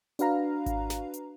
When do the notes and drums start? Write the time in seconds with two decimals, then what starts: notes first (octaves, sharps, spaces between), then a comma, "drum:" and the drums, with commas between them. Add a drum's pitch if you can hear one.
0.19 D4 F#4 B4 F5 A#5, drum: hi-hat
0.66 drum: kick G#1, hi-hat
0.90 drum: snare
1.14 drum: hi-hat